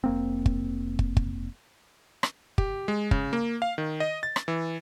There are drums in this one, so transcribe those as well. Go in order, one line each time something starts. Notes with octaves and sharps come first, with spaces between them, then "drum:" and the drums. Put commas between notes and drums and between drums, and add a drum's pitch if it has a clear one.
F1 A#3 C4
drum: kick
drum: kick
drum: kick
drum: rim click
G4, drum: kick
G#3
C#3, drum: kick
A#3
F5
D#3
D#5
A6
drum: rim click
E3